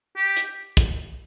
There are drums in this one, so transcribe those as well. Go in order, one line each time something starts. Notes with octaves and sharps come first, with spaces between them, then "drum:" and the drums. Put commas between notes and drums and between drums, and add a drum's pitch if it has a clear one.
G4
drum: hi-hat
drum: kick, hi-hat